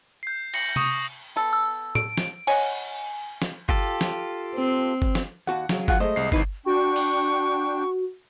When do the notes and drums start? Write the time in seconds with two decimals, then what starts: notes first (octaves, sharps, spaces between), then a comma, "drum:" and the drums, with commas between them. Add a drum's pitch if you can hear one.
0.23 G6 C7
0.54 A#6 C#7 F#7, drum: cymbal
0.76 C#6 D#6 C#7 D#7, drum: tom C3
1.36 B3 A4
1.53 E6
1.95 D7, drum: tom
2.18 drum: snare
2.47 C#5 D#5 F#5 G#5, drum: cymbal
3.42 drum: snare
3.69 F4 G4 A4, drum: kick G1
4.01 drum: snare
4.56 C4
5.02 drum: kick G1
5.15 drum: snare
5.47 D#2 F#4 F#5 A5
5.69 C#3 F#3, drum: snare
5.88 F4 G#4 F#5, drum: kick G1
6.00 G#3 A3 C5 D#5
6.16 C2 C7
6.32 G#1 D#4 E4 B4 C7, drum: kick G1
6.66 D4 F#4 G5 C#6
6.96 drum: open hi-hat